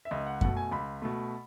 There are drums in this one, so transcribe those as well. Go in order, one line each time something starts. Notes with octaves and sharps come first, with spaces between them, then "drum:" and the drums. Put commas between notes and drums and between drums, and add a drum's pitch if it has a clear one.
E5
C#2 D#5
F#5
B2 A3 F#5, drum: kick F#2
G#5
C#2 B5
B2 A3